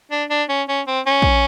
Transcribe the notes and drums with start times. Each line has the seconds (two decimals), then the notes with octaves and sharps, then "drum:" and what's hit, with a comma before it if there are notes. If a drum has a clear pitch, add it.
0.11 D4
0.30 D4
0.49 C#4
0.68 C#4
0.87 C4
1.06 C#4
1.22 drum: kick